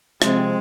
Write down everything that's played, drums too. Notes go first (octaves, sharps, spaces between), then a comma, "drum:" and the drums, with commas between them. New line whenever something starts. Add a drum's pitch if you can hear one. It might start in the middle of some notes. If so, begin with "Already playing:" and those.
C3 F3 G#3 C4, drum: rim click